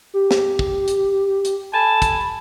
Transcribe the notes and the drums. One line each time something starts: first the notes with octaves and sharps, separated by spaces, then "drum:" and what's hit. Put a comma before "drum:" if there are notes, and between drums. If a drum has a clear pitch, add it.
G4
drum: snare
drum: kick
drum: hi-hat
drum: hi-hat
A4 G#5 A5 B5
drum: kick, hi-hat